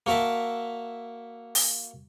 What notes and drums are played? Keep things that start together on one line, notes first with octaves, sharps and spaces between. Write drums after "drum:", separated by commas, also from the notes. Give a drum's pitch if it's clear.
A#3 F#4 A#4 E5 A5
drum: open hi-hat